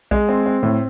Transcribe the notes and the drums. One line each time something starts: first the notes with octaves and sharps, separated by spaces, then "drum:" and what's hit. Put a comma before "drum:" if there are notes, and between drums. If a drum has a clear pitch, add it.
G#3, drum: kick A#1
C4
C4
A2